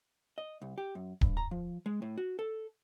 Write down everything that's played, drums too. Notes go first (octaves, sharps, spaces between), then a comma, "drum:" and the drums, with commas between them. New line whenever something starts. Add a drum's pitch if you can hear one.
D#5
C2
G4
F#2
G2, drum: kick D1
A#5
F3
G#3
A2
F#4
A4